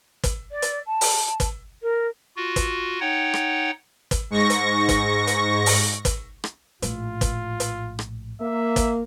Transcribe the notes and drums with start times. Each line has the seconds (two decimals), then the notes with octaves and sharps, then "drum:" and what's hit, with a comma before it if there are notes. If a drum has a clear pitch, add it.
0.24 drum: kick, hi-hat
0.51 D5
0.62 drum: hi-hat
0.86 A5
1.01 drum: open hi-hat
1.40 drum: kick, hi-hat
1.82 A#4
2.36 F4 F#4
2.56 drum: kick, hi-hat
3.01 D#4 C#5 F#5 G5
3.34 drum: rim click
4.11 drum: kick, hi-hat
4.30 G#2 C#6 A#6
4.50 drum: hi-hat
4.89 drum: kick, hi-hat
5.27 drum: hi-hat
5.66 drum: open hi-hat
6.05 drum: kick, hi-hat
6.44 drum: rim click
6.82 A#1 A2 F4, drum: hi-hat
7.21 drum: kick, hi-hat
7.60 drum: hi-hat
7.99 drum: rim click
8.41 A#3 E5
8.76 drum: kick, hi-hat